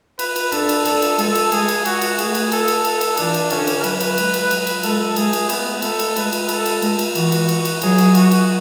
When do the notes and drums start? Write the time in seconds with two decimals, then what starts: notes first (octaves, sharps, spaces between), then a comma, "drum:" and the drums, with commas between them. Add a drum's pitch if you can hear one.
0.19 B4, drum: cymbal
0.36 drum: cymbal
0.52 D4 A4, drum: cymbal
0.69 drum: cymbal
0.85 D4 A4, drum: cymbal
1.02 drum: cymbal
1.19 G#3 A4, drum: cymbal
1.35 drum: cymbal
1.52 G#3 G#4, drum: cymbal
1.68 drum: cymbal
1.85 F#4, drum: cymbal
2.01 drum: cymbal
2.18 A3 G#4, drum: cymbal
2.35 drum: cymbal
2.52 A4, drum: cymbal
2.68 drum: cymbal
2.84 A4, drum: cymbal
3.01 drum: cymbal
3.17 E3 D4, drum: cymbal
3.34 drum: cymbal
3.50 D3 C#4, drum: cymbal
3.67 drum: cymbal
3.84 F#3 B4, drum: cymbal
4.00 drum: cymbal
4.18 G#3, drum: cymbal
4.33 drum: cymbal
4.51 F#3, drum: cymbal
4.67 drum: cymbal
4.83 G#3 A4, drum: cymbal
5.16 G#3 G#4, drum: cymbal
5.33 drum: cymbal
5.49 A3 B3, drum: cymbal
5.82 A3 A4, drum: cymbal
5.99 drum: cymbal
6.16 G#3 B4, drum: cymbal
6.32 drum: cymbal
6.48 A4, drum: cymbal
6.66 drum: cymbal
6.82 G#3, drum: cymbal
6.99 drum: cymbal
7.15 E3 F#4, drum: cymbal
7.32 drum: cymbal
7.48 drum: cymbal
7.65 drum: cymbal
7.81 F#3 G#4, drum: cymbal
7.98 drum: cymbal
8.15 F#4, drum: cymbal
8.31 drum: cymbal